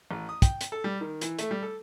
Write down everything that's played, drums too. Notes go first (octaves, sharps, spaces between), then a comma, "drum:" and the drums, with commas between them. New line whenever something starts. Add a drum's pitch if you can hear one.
A1
D#6
G5, drum: kick, hi-hat
drum: hi-hat
A4
G3
D#3
E3, drum: hi-hat
A3, drum: hi-hat
G3
A4